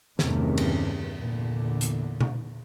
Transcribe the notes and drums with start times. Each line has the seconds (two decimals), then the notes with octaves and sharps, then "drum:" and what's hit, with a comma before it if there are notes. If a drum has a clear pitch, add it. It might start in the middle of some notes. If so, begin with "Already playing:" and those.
0.19 E2 G2 C3 D#3 A3 C#4, drum: snare
0.58 drum: cymbal
1.18 E2 A#2 D3
1.81 drum: hi-hat
2.21 drum: tom B2